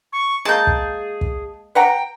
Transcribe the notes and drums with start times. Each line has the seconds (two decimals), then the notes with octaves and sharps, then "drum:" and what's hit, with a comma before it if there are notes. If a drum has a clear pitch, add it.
0.13 C#6
0.45 G#3 A#3 G#4 A5 G6
0.67 drum: kick
1.21 drum: kick
1.75 B4 F#5 G5 A#5